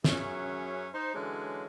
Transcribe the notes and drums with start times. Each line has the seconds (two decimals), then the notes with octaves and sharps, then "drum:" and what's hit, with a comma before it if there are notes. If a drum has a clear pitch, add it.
0.04 F#2 F#3 C#4 G#4 E5, drum: snare
0.93 D#4 C5
1.14 D3 E3 F#3 G#3 C#4